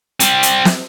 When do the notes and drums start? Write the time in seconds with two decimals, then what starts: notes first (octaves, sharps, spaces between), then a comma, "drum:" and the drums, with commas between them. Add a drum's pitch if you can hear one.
0.20 G3 C4, drum: hi-hat
0.43 drum: hi-hat
0.65 drum: snare